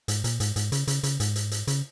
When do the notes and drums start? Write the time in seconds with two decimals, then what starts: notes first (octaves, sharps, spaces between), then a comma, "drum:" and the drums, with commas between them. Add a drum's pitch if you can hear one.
0.08 G#2, drum: hi-hat
0.24 A#2, drum: hi-hat
0.40 G#2, drum: hi-hat
0.56 G#2, drum: hi-hat
0.72 C#3, drum: hi-hat
0.88 C#3, drum: hi-hat
1.03 C#3, drum: hi-hat
1.20 G#2, drum: hi-hat
1.36 drum: hi-hat
1.51 drum: hi-hat
1.67 C#3, drum: hi-hat